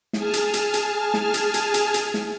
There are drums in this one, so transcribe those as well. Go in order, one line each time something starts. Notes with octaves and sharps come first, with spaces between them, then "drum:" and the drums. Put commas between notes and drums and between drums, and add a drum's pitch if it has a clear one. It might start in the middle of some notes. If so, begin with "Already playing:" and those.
G#4 G#5 A5 F6, drum: snare
drum: hi-hat
drum: hi-hat
drum: hi-hat
drum: snare
drum: hi-hat
drum: hi-hat
drum: hi-hat
drum: hi-hat
drum: snare